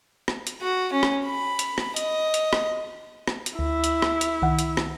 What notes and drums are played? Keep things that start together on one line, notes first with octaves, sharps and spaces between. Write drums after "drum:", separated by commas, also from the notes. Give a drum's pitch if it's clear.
drum: rim click
drum: hi-hat
F#4
C#4
drum: rim click
B5
drum: hi-hat
drum: rim click
D#5, drum: hi-hat
drum: hi-hat
drum: rim click
drum: rim click
drum: hi-hat
D2 E4
drum: hi-hat
drum: rim click
drum: hi-hat
C2 D#3 F#5
drum: hi-hat
drum: rim click